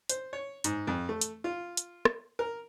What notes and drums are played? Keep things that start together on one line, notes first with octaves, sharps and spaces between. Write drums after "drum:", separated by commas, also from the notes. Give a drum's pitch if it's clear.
C5, drum: hi-hat
C#5
G#2, drum: hi-hat
F2
A3
drum: hi-hat
F4
drum: hi-hat
drum: rim click
A#4